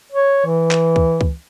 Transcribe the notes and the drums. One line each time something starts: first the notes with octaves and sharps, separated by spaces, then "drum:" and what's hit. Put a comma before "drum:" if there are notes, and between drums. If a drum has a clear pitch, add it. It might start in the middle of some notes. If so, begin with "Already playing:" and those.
C#5
E3
drum: clap
drum: kick C#2
drum: kick C#2